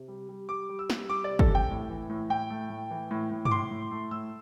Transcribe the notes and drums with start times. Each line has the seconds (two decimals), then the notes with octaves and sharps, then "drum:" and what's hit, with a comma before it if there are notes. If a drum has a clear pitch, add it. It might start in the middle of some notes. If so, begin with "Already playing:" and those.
Already playing: C3
0.08 G3
0.29 G3
0.49 G3 D6
0.69 G3
0.79 E6
0.90 G3, drum: snare
1.09 G3 D6
1.24 D5
1.29 C3
1.39 A4, drum: kick
1.50 C3
1.55 G5
1.70 A2
1.90 E3
2.10 A2
2.30 A2 G5
2.50 A3
2.70 A2
2.91 E3
3.11 A2
3.31 A2
3.45 D6, drum: tom G2
3.51 A2 C6
3.71 A2
3.91 A3
4.11 A2 E6